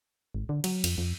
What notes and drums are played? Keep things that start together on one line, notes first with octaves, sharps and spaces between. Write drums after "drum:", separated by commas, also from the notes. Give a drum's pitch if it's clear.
G#1
D3
F#3, drum: cymbal
F2, drum: cymbal
F2